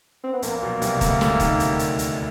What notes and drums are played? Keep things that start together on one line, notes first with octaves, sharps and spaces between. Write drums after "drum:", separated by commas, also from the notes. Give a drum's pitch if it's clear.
C4
B3
A#1 A#2 A#3, drum: hi-hat
B1 B2
C2 C3, drum: hi-hat
D2 D3, drum: kick D#1, hi-hat
D2 D3, drum: snare
D#2 D#3, drum: kick D#1, hi-hat
drum: hi-hat
drum: hi-hat
drum: hi-hat